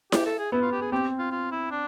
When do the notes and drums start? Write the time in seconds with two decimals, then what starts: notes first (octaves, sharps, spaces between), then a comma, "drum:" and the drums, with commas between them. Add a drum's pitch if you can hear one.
0.12 G4, drum: snare E4
0.26 A4
0.39 G#4
0.52 B3 E4
0.62 F4
0.72 G4
0.81 G#4
0.92 C4 G4
1.19 F4
1.31 F4
1.52 E4
1.71 D4